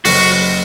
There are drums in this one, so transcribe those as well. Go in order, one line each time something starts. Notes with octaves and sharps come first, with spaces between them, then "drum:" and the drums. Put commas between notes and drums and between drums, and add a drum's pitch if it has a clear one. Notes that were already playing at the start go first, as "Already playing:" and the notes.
F#1 F#4, drum: open hi-hat